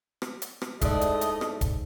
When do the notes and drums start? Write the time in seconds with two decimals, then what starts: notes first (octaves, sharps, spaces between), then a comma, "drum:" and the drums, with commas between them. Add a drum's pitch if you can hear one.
0.22 drum: rim click
0.42 drum: hi-hat
0.62 drum: rim click
0.81 G#2 A3 E4 D5 D#5, drum: kick, hi-hat
1.01 drum: hi-hat
1.21 drum: hi-hat
1.41 drum: rim click
1.61 drum: kick, hi-hat